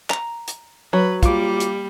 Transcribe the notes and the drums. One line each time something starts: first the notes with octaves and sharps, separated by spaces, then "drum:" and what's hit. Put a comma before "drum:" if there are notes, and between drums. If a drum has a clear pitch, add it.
A#5, drum: clap
drum: hi-hat
F#3 B4
G3 A#3 F4 D6, drum: kick, hi-hat
drum: hi-hat